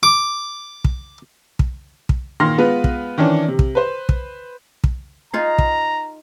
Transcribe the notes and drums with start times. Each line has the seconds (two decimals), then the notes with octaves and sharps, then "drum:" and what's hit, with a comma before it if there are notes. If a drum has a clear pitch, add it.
0.03 D6
0.84 drum: kick
1.59 drum: kick
2.09 drum: kick
2.40 A#2 D#3 C6 F6 A#6
2.58 G#3 B3 F4 B4
2.84 drum: kick
3.18 D#3 E3 C#4 D4
3.48 C3
3.59 drum: kick
3.75 B4 C5
4.09 drum: kick
4.84 drum: kick
5.34 D#4 F4 G#4 A#5
5.58 drum: kick